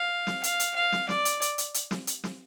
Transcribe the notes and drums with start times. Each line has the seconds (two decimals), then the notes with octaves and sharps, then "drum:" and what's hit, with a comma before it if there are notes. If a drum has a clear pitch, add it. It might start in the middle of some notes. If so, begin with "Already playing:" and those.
Already playing: F5
0.27 drum: snare
0.44 F5, drum: hi-hat
0.60 drum: hi-hat
0.76 F5
0.92 drum: snare
1.09 D5, drum: snare
1.25 drum: hi-hat
1.42 drum: hi-hat
1.58 drum: hi-hat
1.74 drum: hi-hat
1.91 drum: snare
2.07 drum: hi-hat
2.24 drum: snare